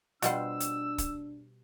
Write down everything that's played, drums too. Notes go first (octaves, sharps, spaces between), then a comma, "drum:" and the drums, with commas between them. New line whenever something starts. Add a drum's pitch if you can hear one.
B2 G3 D4 F4 G4 C5 F#5 E6, drum: hi-hat
drum: hi-hat
drum: kick, hi-hat